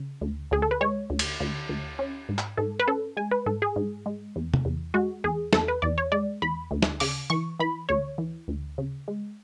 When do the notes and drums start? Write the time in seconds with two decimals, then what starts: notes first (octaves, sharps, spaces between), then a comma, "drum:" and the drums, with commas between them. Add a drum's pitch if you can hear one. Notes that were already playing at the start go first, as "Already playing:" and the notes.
Already playing: C#3
0.21 D2
0.51 D2 G#4
0.62 A4
0.71 B4
0.81 G#3 C#5
1.10 D2
1.19 drum: cymbal
1.40 D2
1.69 D2
1.99 C#4
2.29 G#2
2.38 drum: clap
2.57 G#2 A4
2.80 B4
2.88 C#4 A4
3.17 G#3 G#5
3.31 B4
3.46 G#2 A4
3.62 G#4
3.76 G#2
4.06 G#3
4.36 E2
4.54 drum: tom C3
4.65 E2
4.94 G#3 F#4
5.24 E2 G#4
5.53 E2 A4, drum: snare
5.68 B4
5.82 E2 D5
5.98 C#5
6.12 G#3 D5
6.42 E2 B5
6.71 D2
6.82 drum: snare
7.00 C#3 D6, drum: open hi-hat
7.30 E3 C#6
7.60 E3 B5
7.89 D2 C#5
8.18 E3
8.48 D2
8.78 C#3
9.08 G#3